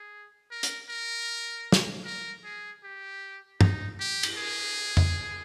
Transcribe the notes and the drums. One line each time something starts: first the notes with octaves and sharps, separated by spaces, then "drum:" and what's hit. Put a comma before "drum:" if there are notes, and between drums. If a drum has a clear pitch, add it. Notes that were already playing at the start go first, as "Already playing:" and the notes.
Already playing: G#4
A#4
drum: hi-hat
A#4
drum: snare
A#4
G#4
G4
D#4, drum: tom
G4
drum: cymbal
G#4
drum: tom F2